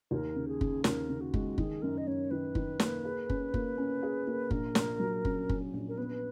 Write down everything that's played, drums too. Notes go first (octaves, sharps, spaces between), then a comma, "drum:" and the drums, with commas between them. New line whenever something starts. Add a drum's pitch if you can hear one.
D#2 A#4
C#3
G#4
C#3, drum: kick
D#2 A#4, drum: snare
C#3
F#4
G#3, drum: kick
D#3 G#4, drum: kick
F#2 A#4
D#5
F#2 C#5
D#3 B4
D#3, drum: kick
A#3, drum: snare
G#4
C#4, drum: kick
A#3, drum: kick
C#4
G#4
A#3
A#1 A#4, drum: kick
A#1, drum: snare
F#3
C#4, drum: kick
C#4, drum: kick
A#1
A#4
B3 B4